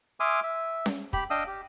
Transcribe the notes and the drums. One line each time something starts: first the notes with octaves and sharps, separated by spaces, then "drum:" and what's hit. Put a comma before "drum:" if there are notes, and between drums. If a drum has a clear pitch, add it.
E5 G#5 C6 D6 D#6 F6
E5
drum: snare C#4
G4 B5, drum: kick
D4 D#5 F5 G5 D#6 E6
G4